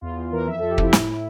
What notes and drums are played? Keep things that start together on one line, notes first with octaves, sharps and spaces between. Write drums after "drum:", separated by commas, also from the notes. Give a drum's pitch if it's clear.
E2 F4
E2
E3 A#4
F2 E5
F3 A4
G4
C3 E4, drum: kick
A2, drum: snare
A2